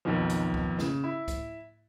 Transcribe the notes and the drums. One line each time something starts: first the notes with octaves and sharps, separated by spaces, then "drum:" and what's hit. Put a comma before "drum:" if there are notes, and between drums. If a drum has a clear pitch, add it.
B1 F2 B2 D#3 F3
drum: hi-hat
drum: kick C#2
C#3, drum: snare
E4
drum: kick C#2, hi-hat